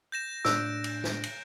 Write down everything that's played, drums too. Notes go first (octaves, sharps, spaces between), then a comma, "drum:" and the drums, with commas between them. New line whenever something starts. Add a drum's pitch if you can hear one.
G6 A#6 E7
A2 D4 E6 F#6 D7, drum: snare
drum: cymbal
drum: snare
drum: cymbal